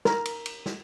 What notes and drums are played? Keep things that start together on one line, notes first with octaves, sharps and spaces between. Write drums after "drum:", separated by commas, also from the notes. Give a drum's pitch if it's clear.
A#4, drum: snare
drum: cymbal
drum: cymbal
drum: snare